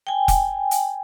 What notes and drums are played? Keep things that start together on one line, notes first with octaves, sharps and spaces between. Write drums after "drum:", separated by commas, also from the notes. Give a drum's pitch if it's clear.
G5 G#5
drum: kick F1, hi-hat
drum: hi-hat